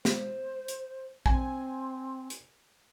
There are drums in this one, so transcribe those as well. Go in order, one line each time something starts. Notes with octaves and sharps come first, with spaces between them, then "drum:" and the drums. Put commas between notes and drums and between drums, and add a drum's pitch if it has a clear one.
C5, drum: snare
drum: hi-hat
C4 G#5, drum: kick A#1
drum: hi-hat